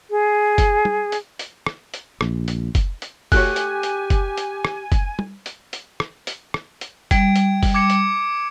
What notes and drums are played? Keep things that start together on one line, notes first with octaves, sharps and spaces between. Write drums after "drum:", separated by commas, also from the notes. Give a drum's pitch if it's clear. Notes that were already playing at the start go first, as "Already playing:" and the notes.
G#4
drum: kick, hi-hat
drum: tom
drum: hi-hat
drum: hi-hat
drum: rim click
drum: hi-hat
A#1, drum: rim click
drum: hi-hat
drum: kick, hi-hat
drum: hi-hat
A3 F#4 G4 C#5 G#5 F#6, drum: kick, open hi-hat
drum: hi-hat
drum: hi-hat
drum: kick, hi-hat
drum: hi-hat
drum: rim click
drum: kick, hi-hat
drum: tom
drum: hi-hat
drum: hi-hat
drum: rim click
drum: hi-hat
drum: rim click
drum: hi-hat
G3 G#6 D7, drum: kick, hi-hat
drum: hi-hat
drum: kick, open hi-hat
D6 G#6 C#7
drum: hi-hat